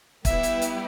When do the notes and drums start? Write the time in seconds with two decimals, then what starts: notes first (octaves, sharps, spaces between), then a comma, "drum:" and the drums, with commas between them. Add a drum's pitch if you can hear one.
0.25 G3 B3 E4 G4 B4 E5, drum: kick, hi-hat
0.43 drum: hi-hat
0.62 drum: hi-hat